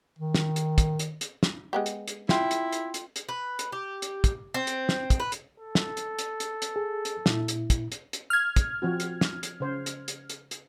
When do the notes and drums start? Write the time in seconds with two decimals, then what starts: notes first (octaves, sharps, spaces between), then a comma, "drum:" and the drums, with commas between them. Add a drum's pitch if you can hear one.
0.18 D#3
0.35 drum: snare
0.56 drum: hi-hat
0.78 drum: kick, hi-hat
0.99 drum: hi-hat
1.21 drum: hi-hat
1.43 drum: snare
1.73 G#3 B3 G4
1.86 drum: hi-hat
2.08 drum: hi-hat
2.29 E4 F4 G5, drum: snare
2.51 drum: hi-hat
2.72 drum: hi-hat
2.94 drum: hi-hat
3.16 drum: hi-hat
3.29 B4
3.59 drum: hi-hat
3.72 G4
4.02 drum: hi-hat
4.24 drum: kick, hi-hat
4.54 C4
4.67 drum: hi-hat
4.89 drum: snare
5.10 drum: kick, hi-hat
5.20 B4
5.32 drum: hi-hat
5.60 A4
5.75 drum: snare
5.97 drum: hi-hat
6.19 drum: hi-hat
6.40 drum: hi-hat
6.62 drum: hi-hat
6.76 G#4
7.05 drum: hi-hat
7.26 A#2 E4, drum: snare
7.48 drum: hi-hat
7.70 drum: kick, hi-hat
7.92 drum: hi-hat
8.13 drum: hi-hat
8.30 F6 G#6
8.56 drum: kick, hi-hat
8.82 F3 C4 F#4
9.00 drum: hi-hat
9.21 drum: snare
9.43 drum: hi-hat
9.60 C#3 C5
9.86 drum: hi-hat
10.08 drum: hi-hat
10.30 drum: hi-hat
10.51 drum: hi-hat